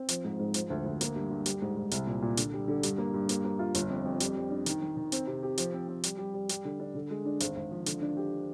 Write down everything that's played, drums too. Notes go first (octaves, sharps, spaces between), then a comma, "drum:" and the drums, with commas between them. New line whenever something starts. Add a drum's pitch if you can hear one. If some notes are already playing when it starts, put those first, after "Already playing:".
Already playing: C4
F3, drum: hi-hat
G#2
G#2
F3, drum: hi-hat
D2
D2
A#3, drum: hi-hat
G2
G2
G3, drum: hi-hat
G#2
G#2
C2, drum: hi-hat
A#2
A#2
D3, drum: hi-hat
G3
D3
G2, drum: hi-hat
A#3
G2
A#3, drum: hi-hat
A#3
F4
G1, drum: hi-hat
F2
F2
G3, drum: hi-hat
G3
D4
D#3, drum: hi-hat
D#3
D#3
C4, drum: hi-hat
C3
G4
F3, drum: hi-hat
C4
C4
G3, drum: hi-hat
G3
G3
G3, drum: hi-hat
D3
D4
D3
G#3
D4
G#1, drum: hi-hat
G#1
F3
D3, drum: hi-hat
D4
G4